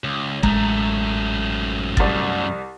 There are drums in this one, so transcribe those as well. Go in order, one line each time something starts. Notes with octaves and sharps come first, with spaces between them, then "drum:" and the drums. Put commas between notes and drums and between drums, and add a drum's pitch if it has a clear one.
C#2
A1 F#2 G#3 A3 A#5, drum: kick G1
C2 A6, drum: kick G1